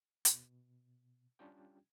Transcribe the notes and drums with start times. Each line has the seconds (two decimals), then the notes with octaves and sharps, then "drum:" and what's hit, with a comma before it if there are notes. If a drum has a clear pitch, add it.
0.25 B2, drum: hi-hat
1.39 G3 C#4 D4 F4 G4 G5